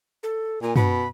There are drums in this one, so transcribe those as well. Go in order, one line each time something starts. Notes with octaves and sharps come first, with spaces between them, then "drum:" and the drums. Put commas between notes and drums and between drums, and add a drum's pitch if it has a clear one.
A4
A#2 G#5
B2 B5, drum: tom